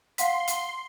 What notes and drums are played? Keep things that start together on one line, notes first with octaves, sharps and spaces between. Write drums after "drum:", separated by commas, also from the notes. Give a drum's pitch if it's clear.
F5 F#5 C6 B6, drum: hi-hat
drum: hi-hat